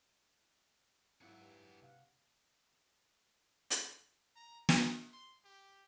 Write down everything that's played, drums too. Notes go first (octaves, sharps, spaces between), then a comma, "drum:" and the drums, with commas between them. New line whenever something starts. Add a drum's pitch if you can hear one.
G#1 F#3 E4 G#4 F#5
G2
C3 F5 F#5
drum: hi-hat
A#5
D#6, drum: snare
C6
G4